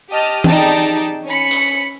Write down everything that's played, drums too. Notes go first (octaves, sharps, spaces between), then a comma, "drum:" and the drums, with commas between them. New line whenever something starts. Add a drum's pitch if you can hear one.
G4 D#5 A5 F6
D#4 G4 G#4 D5 G5 A5, drum: tom E3
C#4 B5 C#7
drum: hi-hat